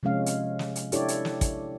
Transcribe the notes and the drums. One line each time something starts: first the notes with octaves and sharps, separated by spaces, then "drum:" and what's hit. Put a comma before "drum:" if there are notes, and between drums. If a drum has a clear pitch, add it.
C3 F3 G#3 C#4 F5
drum: hi-hat
drum: snare
drum: hi-hat
D4 E4 G4 A4 C#5 D5, drum: hi-hat
drum: hi-hat
drum: snare
drum: kick, hi-hat